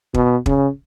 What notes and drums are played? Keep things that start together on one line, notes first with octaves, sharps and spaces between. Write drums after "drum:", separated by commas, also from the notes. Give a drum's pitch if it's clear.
B2, drum: kick
C#3, drum: kick